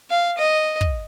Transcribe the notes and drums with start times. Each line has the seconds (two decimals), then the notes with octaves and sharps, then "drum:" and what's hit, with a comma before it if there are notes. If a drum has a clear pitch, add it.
0.10 F5
0.38 D#5
0.81 drum: kick